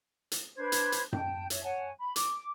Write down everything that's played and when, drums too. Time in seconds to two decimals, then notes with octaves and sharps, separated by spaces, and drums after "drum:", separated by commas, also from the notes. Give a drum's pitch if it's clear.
0.32 drum: hi-hat
0.57 D4 B4 C5 G#6
0.72 drum: hi-hat
0.92 drum: hi-hat
1.13 G5 A5 G6, drum: tom F#2
1.50 C#5 E5, drum: hi-hat
1.63 C#5 F#5 G#5 A5
1.99 B5
2.16 D6, drum: hi-hat